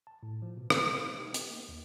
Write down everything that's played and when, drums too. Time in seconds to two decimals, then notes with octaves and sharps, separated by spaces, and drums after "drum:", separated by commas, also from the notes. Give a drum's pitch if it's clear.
0.07 A5
0.23 A2
0.42 F3
0.57 B2
0.70 E4, drum: rim click
0.87 G#3
1.03 G4
1.21 D#4
1.34 B3, drum: hi-hat
1.50 A#3
1.69 D#2